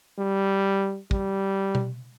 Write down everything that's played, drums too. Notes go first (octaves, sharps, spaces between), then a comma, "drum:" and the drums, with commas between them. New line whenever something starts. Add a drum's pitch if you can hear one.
G3
G3, drum: kick
drum: tom B2